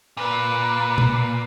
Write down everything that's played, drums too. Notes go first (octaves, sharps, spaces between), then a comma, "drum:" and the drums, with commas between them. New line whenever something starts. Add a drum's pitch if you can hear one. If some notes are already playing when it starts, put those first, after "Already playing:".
A#2 B4
drum: tom B2